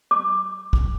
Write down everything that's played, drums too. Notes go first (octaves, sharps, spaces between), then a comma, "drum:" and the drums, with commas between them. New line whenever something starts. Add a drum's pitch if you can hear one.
D6
drum: kick